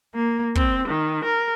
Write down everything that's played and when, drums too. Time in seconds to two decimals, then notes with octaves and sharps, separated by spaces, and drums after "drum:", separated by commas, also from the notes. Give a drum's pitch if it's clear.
0.13 A#3
0.55 C4, drum: kick
0.87 D#3
1.24 A#4